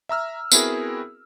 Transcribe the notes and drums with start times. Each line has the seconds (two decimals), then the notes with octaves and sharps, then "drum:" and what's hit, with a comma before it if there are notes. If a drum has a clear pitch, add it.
0.09 E5 A#5 E6 F6
0.52 B3 C4 E4 F#4 G#4 A#4, drum: tambourine